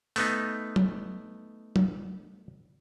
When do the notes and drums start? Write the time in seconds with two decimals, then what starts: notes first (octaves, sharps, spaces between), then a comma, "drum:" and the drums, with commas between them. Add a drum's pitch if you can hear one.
0.16 A3 B3 D#4, drum: open hi-hat
0.76 drum: tom
1.76 drum: tom